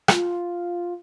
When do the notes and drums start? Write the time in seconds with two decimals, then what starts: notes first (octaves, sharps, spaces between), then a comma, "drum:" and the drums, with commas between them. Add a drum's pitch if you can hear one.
0.08 F4, drum: rim click